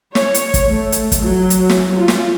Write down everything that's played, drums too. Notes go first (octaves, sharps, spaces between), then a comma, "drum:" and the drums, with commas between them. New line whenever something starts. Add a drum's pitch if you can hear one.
C#5, drum: snare
drum: hi-hat
drum: kick, hi-hat
A3
drum: hi-hat
drum: kick, hi-hat
F#3
drum: hi-hat
drum: snare
F4
drum: snare